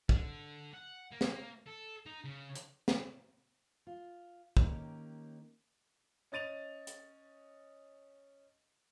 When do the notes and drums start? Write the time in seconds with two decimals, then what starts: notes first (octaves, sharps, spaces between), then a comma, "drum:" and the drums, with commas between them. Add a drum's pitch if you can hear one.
0.09 D3, drum: kick
0.73 F#5
1.12 A#3
1.21 drum: snare
1.67 A4
2.06 D#4
2.24 C#3
2.55 drum: hi-hat
2.88 drum: snare
3.87 F4
4.57 D#3 A#3 C#4 D#4 G4, drum: kick
6.32 C#4 D#5 A6 D#7 F7
6.87 drum: hi-hat